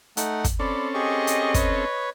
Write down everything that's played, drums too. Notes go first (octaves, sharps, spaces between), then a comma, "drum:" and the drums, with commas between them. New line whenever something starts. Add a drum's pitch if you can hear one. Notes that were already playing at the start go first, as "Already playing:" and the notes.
A3 D#4 F#5, drum: hi-hat
drum: kick, hi-hat
C4 C#4 A4 D5 B5
G4 G#4 D#5 C#6
drum: hi-hat
B4 C#5, drum: kick, hi-hat